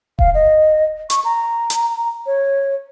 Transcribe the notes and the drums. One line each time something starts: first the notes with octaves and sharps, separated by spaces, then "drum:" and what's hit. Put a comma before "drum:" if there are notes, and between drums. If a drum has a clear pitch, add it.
F5, drum: kick D#1
D#5
C#6, drum: hi-hat
A#5
drum: hi-hat
C#5